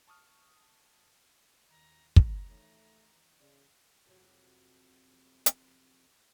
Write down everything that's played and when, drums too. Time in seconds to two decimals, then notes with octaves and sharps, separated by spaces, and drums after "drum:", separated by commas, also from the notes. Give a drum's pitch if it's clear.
0.08 A5 C#6 D#6 F6
1.70 D#2 D#3 A#5
2.16 F#4 A#5, drum: kick
2.48 E3 A3 D#4 C#5
3.40 C#3 D5
4.06 F2 C3 F#3
5.46 drum: hi-hat